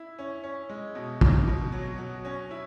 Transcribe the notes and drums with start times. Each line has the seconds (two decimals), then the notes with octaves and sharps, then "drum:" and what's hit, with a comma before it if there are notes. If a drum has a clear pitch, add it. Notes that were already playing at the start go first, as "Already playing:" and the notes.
Already playing: E4
0.19 C#4
0.44 C#4
0.70 G#3
0.95 B2
1.21 B2, drum: kick
1.48 B2
1.72 F#3
1.98 F#3
2.25 C#4
2.51 E4